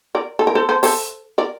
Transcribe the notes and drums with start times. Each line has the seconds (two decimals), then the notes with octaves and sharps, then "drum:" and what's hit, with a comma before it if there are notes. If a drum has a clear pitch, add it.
0.15 A#4 D5
0.39 A4
0.47 A#4
0.55 A4 C5
0.69 A4 C5
0.83 A4 C5, drum: open hi-hat
1.38 A#4 D5